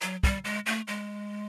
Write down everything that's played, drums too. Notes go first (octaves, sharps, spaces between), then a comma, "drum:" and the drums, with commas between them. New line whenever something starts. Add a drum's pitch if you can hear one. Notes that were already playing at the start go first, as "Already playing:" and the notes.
F#3, drum: hi-hat
G3, drum: kick
G#3
A3
G#3